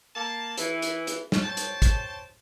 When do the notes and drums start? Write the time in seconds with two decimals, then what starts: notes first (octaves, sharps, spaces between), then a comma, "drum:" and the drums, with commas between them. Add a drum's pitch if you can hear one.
0.15 A#3 A5
0.57 E3, drum: hi-hat
0.82 drum: hi-hat
1.07 drum: hi-hat
1.32 drum: snare
1.43 C5 C#5 G5 A5
1.57 drum: hi-hat
1.82 drum: kick, hi-hat